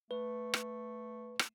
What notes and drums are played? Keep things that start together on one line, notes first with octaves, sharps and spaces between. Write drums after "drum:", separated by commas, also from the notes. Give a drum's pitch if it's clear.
A3 B4
drum: rim click
drum: rim click